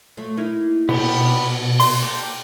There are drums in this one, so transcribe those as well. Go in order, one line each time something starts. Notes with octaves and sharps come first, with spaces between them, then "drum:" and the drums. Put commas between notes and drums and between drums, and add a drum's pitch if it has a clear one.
F#3 A3 F4
A#3 D#4 E4
B2 B3 G4, drum: cymbal
D5 C6, drum: open hi-hat
A#3 G4 A4 D6